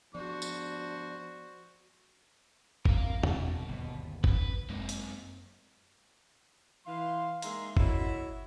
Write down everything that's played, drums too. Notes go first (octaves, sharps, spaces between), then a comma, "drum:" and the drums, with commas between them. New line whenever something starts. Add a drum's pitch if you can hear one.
F3 B3 D4 F#4 C5 C#6
drum: tambourine
C2 A#4 F5, drum: kick G1
B2, drum: tom
G1 D#2 G3
B4, drum: kick G1
F#2 G#3 A#3 C4 D#4
drum: hi-hat
E3 F5 C6
G#3 A#3 D#4 E5 A#5 C6, drum: hi-hat
E4 F#4 A4 C#5 D#5 E5, drum: kick G1